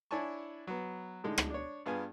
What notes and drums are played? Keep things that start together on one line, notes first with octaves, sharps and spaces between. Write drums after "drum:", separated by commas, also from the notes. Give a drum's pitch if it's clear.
D4 E4 C#5 G#5 A5 C#6
F#3 B3
A2 D3 G#3 D#4
drum: rim click
D4 C#5
G2 B3 F4 G#4 G#5